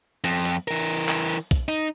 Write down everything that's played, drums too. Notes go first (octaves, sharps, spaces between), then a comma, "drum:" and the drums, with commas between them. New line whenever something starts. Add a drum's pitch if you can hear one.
F2, drum: hi-hat
drum: hi-hat
E3 A#4, drum: hi-hat
drum: clap
drum: open hi-hat
drum: kick B1, hi-hat
D#4